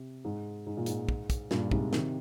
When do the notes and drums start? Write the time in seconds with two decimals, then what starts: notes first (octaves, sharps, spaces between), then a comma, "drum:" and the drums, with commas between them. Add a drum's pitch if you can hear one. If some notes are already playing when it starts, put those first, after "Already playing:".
Already playing: C3
0.25 G#2
0.66 G#2
0.77 A#2
0.86 G#2, drum: hi-hat
1.09 drum: kick
1.30 drum: kick, hi-hat
1.51 G2 A#2, drum: snare
1.71 G#2 C3, drum: kick
1.93 C3 D#3, drum: snare